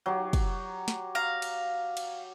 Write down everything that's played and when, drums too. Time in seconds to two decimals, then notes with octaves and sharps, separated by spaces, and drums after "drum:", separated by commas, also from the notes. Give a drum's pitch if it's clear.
0.06 F#3 G4
0.33 drum: kick, cymbal
0.88 drum: snare
1.15 F5 A#5
1.42 drum: cymbal
1.97 drum: cymbal